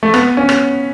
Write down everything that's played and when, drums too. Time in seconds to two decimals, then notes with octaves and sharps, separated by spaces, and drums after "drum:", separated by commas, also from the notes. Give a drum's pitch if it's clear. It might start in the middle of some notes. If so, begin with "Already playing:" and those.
0.03 A3
0.14 B3, drum: rim click
0.37 C#4
0.49 drum: rim click